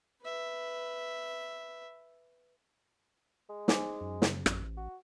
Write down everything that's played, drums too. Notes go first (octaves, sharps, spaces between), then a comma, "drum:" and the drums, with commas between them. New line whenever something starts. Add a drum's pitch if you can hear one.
B4 E5
G#3
D#4 C5 G#5 D6, drum: snare
F#2
C#3, drum: snare
A1, drum: rim click
F#4